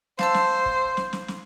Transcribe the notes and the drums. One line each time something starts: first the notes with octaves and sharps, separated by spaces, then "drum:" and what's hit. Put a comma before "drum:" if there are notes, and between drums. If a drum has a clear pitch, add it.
C5 F5 A5 E6, drum: snare
drum: snare
drum: kick
drum: snare
drum: snare
drum: snare